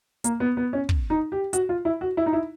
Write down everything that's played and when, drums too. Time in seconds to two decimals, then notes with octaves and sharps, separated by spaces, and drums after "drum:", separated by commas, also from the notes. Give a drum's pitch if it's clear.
0.24 A#3, drum: hi-hat
0.40 B3
0.57 B3
0.73 C#4
0.89 drum: kick
1.10 D#4
1.32 G4
1.53 F#4, drum: hi-hat
1.69 F4
1.85 E4
2.01 F#4
2.17 E4
2.26 D#4
2.33 E4